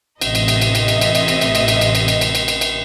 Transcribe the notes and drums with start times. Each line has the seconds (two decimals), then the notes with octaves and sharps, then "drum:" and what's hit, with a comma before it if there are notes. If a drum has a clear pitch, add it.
0.21 A1 C3 D#5 E5, drum: cymbal
0.35 drum: cymbal
0.48 drum: cymbal
0.61 drum: cymbal
0.75 drum: cymbal
0.88 drum: cymbal
1.01 drum: cymbal
1.15 drum: cymbal
1.28 drum: cymbal
1.41 drum: cymbal
1.55 drum: cymbal
1.68 drum: cymbal
1.81 drum: cymbal
1.95 drum: cymbal
2.08 drum: cymbal
2.21 drum: cymbal
2.35 drum: cymbal
2.48 drum: cymbal
2.61 drum: cymbal